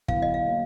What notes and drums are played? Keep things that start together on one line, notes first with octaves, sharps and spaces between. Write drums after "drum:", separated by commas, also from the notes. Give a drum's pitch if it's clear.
D3 F#3 B3 E4 F5, drum: kick
D#5
F5
F#3 A#3